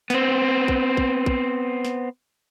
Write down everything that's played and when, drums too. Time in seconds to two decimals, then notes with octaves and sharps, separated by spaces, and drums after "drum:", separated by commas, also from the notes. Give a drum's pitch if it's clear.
0.10 B3 C4, drum: snare
0.68 drum: kick
0.97 drum: kick
1.26 drum: kick
1.85 drum: snare